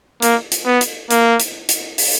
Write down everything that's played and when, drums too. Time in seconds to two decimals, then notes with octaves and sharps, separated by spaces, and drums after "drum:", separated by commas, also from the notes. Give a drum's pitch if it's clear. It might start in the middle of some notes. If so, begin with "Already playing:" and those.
0.22 A#3, drum: hi-hat
0.51 drum: hi-hat
0.66 B3
0.81 drum: hi-hat
1.10 A#3, drum: hi-hat
1.39 drum: hi-hat
1.69 drum: hi-hat
1.98 drum: open hi-hat